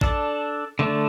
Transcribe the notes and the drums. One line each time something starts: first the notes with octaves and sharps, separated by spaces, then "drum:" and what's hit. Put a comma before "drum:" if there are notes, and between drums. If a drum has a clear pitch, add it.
D4 A4 D5, drum: kick A1
D3 A3 D4